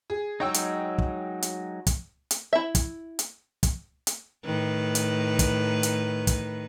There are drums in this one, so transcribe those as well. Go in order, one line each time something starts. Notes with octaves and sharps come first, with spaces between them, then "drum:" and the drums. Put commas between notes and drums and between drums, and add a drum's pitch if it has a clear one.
G#4
F#3 G#3 D#4 C#5 G5 E6
drum: hi-hat
drum: kick
drum: hi-hat
drum: kick, hi-hat
drum: hi-hat
E4 E5
drum: kick, hi-hat
drum: hi-hat
drum: kick, hi-hat
drum: hi-hat
A2 D#3 B4
drum: hi-hat
drum: kick, hi-hat
drum: hi-hat
drum: kick, hi-hat